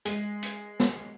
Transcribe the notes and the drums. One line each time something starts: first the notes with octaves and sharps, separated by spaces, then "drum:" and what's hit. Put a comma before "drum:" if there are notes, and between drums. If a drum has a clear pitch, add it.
G#3, drum: hi-hat
drum: hi-hat
drum: snare